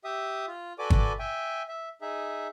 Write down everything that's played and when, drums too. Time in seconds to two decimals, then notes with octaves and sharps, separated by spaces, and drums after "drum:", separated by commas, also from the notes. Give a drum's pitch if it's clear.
0.04 G4 E5 D#6
0.48 F4
0.79 F#4 A4 B4 D5 G#5 D6
0.90 drum: kick
1.19 E5 G5 G#5
1.68 E5
2.01 D#4 G#4 E5